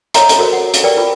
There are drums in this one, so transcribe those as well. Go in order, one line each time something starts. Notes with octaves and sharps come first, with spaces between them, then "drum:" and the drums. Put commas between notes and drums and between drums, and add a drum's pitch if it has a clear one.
C#5 D#5 E5 A#5 C6, drum: hi-hat
drum: hi-hat
F#4 A4 A#4 C5
F#5
drum: hi-hat
G4 A#4 B4 D5 G5
F4 B4 G5